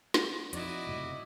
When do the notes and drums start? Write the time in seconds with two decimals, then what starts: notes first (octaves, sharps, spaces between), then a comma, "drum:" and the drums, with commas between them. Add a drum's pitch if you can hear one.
0.14 drum: snare
0.53 F2 D#4 E4 F#4 D5 D#5, drum: hi-hat
0.87 F#1 A2 C3